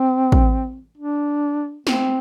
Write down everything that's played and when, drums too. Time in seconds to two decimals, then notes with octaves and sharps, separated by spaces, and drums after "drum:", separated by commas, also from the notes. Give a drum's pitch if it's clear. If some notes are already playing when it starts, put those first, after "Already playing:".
Already playing: C4
0.32 drum: kick
0.97 D4
1.87 C4, drum: snare